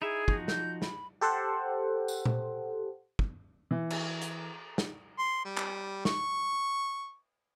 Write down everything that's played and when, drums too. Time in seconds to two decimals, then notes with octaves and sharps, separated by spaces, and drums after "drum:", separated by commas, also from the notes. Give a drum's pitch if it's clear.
0.02 D#4 E4 G#4 E5
0.28 F3 D#4 F#4, drum: kick
0.48 G6, drum: snare
0.82 B5, drum: snare
1.21 G4 A4 C5 F#5
2.08 drum: tambourine
2.26 drum: tom A#2
3.19 drum: kick
3.71 E3
3.90 drum: cymbal
4.21 drum: hi-hat
4.78 drum: snare
5.19 C6
5.45 G3
5.57 drum: clap
6.05 C#6, drum: snare